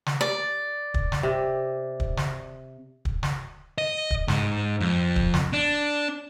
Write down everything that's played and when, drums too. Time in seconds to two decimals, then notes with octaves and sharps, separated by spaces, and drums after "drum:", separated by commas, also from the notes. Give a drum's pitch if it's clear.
0.06 drum: snare
0.21 D5
0.94 drum: kick
1.12 drum: snare
1.23 C3
2.00 drum: kick
2.17 drum: snare
3.05 drum: kick
3.23 drum: snare
3.78 D#5
4.11 drum: kick
4.28 G#2, drum: snare
4.80 F2
5.16 drum: kick
5.34 drum: snare
5.53 D4